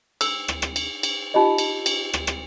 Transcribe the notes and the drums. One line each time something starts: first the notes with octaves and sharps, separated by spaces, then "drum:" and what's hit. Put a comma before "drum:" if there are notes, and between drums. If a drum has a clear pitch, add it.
E6, drum: cymbal
drum: rim click
drum: rim click
drum: cymbal
drum: cymbal
D#4 F4 G4 D#5
drum: cymbal
drum: cymbal
drum: rim click
drum: rim click